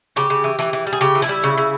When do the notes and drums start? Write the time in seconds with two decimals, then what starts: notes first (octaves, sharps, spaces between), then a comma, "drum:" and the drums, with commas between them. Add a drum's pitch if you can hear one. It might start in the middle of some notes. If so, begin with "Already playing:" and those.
0.16 C#3 G4, drum: hi-hat
0.30 C#3
0.44 E3
0.59 E3, drum: hi-hat
0.73 E3
0.87 G3
0.93 G#4
1.01 C#3 G4, drum: hi-hat
1.15 E3
1.22 E4, drum: hi-hat
1.29 G3
1.44 C#3
1.57 C#3